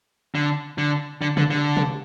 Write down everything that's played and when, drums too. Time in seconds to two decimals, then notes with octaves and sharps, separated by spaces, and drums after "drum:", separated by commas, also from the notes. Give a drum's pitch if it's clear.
0.35 D3
0.78 D3
1.21 D3
1.37 D3, drum: tom C3
1.50 D3
1.77 drum: tom C3